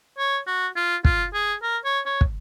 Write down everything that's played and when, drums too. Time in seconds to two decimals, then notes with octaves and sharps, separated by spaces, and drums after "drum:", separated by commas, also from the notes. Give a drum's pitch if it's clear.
0.18 C#5
0.47 F#4
0.76 F4
1.05 F4, drum: kick
1.34 G#4
1.63 A#4
1.85 C#5
2.06 C#5
2.21 drum: kick